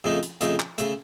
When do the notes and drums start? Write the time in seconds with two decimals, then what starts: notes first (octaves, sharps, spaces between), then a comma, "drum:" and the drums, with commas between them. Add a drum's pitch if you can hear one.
0.04 F2 C#3 A3 D#4
0.23 drum: hi-hat
0.41 F2 C#3 A3 D#4, drum: hi-hat
0.60 drum: clap
0.78 C#3 A3, drum: hi-hat